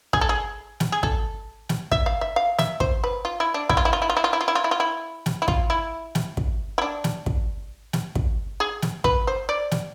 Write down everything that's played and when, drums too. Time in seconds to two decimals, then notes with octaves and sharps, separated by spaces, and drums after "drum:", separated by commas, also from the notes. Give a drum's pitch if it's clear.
0.13 G#4, drum: kick
0.21 A4
0.29 G#4
0.80 drum: snare
0.92 G#4
1.03 A4, drum: kick
1.69 drum: snare
1.92 E5, drum: kick
2.06 F5
2.21 E5
2.36 F5
2.59 E5, drum: snare
2.80 C5, drum: kick
3.04 B4
3.25 F4
3.40 E4
3.54 D4
3.69 E4, drum: kick
3.77 F4
3.85 E4
3.93 F4
4.02 E4
4.09 F4
4.17 E4
4.24 F4
4.33 E4
4.41 F4
4.48 E4
4.55 F4
4.64 E4
4.71 F4
4.80 E4
5.26 drum: snare
5.42 E4
5.48 F4, drum: kick
5.70 E4
6.15 drum: snare
6.37 drum: kick
6.78 E4
6.82 D4
7.04 drum: snare
7.26 drum: kick
7.93 drum: snare
8.15 drum: kick
8.60 G#4
8.82 drum: snare
9.04 B4, drum: kick
9.27 C5
9.49 D5
9.71 drum: snare